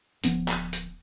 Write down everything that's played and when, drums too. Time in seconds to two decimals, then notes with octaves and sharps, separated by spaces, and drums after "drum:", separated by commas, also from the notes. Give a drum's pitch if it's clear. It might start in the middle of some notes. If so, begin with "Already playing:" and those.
0.24 D1 F3 B3 C#4, drum: hi-hat
0.48 drum: clap
0.73 drum: hi-hat